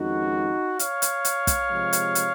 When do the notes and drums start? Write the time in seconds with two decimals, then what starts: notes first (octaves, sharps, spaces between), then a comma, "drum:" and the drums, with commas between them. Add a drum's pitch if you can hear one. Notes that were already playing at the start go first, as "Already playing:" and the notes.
Already playing: F2 D#3 G#3 C#4 D#4 F#4
0.79 C#5 F5, drum: hi-hat
1.02 drum: hi-hat
1.25 drum: hi-hat
1.47 drum: kick, hi-hat
1.70 C3 F3 G#3
1.93 drum: hi-hat
2.15 drum: hi-hat